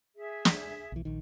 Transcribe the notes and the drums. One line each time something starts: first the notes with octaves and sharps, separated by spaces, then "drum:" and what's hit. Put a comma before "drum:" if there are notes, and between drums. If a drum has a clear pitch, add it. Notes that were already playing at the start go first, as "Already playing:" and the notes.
G#4 E5
drum: snare
B1 E3
A#1 D#3